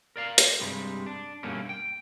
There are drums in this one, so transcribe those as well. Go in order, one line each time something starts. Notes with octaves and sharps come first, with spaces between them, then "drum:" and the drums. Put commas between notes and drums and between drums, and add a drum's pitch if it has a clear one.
A#4 D5 F5
drum: hi-hat
G2 C3 G3 G#3
D4
G2 B2 A3 A#3 C#4
G5